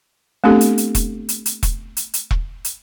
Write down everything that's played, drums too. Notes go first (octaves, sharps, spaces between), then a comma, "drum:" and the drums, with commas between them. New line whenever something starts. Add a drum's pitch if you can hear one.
A3 B3 C4 D4 G4 A4
drum: hi-hat
drum: hi-hat
drum: kick E1, hi-hat
drum: hi-hat
drum: hi-hat
drum: kick E1, hi-hat
drum: hi-hat
drum: hi-hat
drum: kick E1
drum: hi-hat